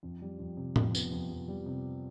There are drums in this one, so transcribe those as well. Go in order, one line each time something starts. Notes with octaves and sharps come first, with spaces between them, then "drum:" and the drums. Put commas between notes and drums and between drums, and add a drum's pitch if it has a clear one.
F2
G3
F2
C3
F2, drum: tom A2
B3, drum: tambourine
F2
F2
G3
C3